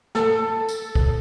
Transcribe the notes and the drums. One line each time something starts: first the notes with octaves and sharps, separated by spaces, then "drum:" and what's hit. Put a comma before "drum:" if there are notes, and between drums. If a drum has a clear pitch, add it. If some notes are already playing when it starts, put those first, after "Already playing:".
A4, drum: snare
drum: tambourine
drum: kick